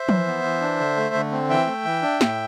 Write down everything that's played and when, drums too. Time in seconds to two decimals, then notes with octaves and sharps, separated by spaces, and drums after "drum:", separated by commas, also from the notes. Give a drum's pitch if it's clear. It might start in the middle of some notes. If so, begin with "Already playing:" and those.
Already playing: C5 E5
0.09 E3, drum: tom F3
0.27 B3
0.44 E3
0.61 D4
0.80 D3
0.97 A3
1.15 D3
1.32 C4
1.49 E3 E5 G5
1.67 A3
1.85 E3
2.02 D4
2.21 A2, drum: snare